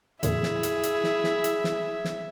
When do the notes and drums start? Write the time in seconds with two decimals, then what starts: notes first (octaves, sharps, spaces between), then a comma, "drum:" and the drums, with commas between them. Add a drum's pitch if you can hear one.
0.23 F2 A#2 D3 E4 G#4 E5, drum: hi-hat
0.43 drum: snare
0.63 drum: hi-hat
0.83 drum: hi-hat
1.04 drum: snare
1.24 drum: snare
1.44 drum: hi-hat
1.64 drum: snare
2.05 drum: snare